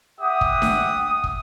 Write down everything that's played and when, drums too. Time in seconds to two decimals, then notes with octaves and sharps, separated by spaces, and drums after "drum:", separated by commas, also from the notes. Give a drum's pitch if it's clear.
0.20 G4 E5 F#5 D#6
0.41 drum: kick
0.62 drum: snare D4
1.24 drum: kick